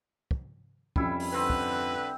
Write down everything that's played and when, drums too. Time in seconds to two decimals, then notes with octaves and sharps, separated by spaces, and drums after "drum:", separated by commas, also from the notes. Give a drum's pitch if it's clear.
0.31 drum: kick
0.96 F2 G3 C#4 E4, drum: kick
1.20 drum: open hi-hat
1.33 D3 C4 B4 G5
1.50 drum: kick